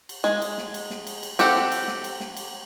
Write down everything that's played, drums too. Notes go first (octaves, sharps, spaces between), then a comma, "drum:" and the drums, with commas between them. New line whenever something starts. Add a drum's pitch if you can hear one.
drum: cymbal
G#3, drum: snare
drum: cymbal
drum: snare
drum: cymbal
drum: snare
drum: cymbal
drum: cymbal
C4 G4 A4 F#5, drum: cymbal
drum: snare
drum: cymbal
drum: snare
drum: cymbal
drum: snare
drum: cymbal